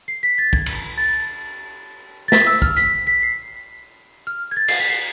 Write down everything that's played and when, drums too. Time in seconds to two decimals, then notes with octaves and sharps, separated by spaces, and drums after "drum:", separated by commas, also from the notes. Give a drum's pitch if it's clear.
0.08 C7
0.23 B6
0.38 A6
0.53 G#6, drum: kick
0.66 drum: cymbal
0.98 A6
2.28 A6
2.32 B6, drum: snare
2.47 E6
2.62 F6, drum: kick
2.77 B6, drum: hi-hat
3.07 B6
3.23 C7
4.27 F6
4.51 G#6
4.57 A6
4.68 C7, drum: cymbal
4.79 B6
4.90 C7